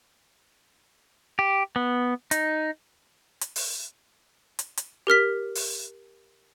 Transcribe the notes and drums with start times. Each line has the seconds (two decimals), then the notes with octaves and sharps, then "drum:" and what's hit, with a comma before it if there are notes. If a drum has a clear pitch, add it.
1.39 G4
1.76 B3
2.31 D#4, drum: hi-hat
3.41 drum: hi-hat
3.56 drum: open hi-hat
4.59 drum: hi-hat
4.77 drum: hi-hat
5.07 G4 A#4 F6 B6
5.55 drum: open hi-hat